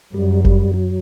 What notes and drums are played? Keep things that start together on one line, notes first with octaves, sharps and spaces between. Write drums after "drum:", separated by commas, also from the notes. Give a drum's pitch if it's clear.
F#2 G3
G3, drum: kick F#1
F#3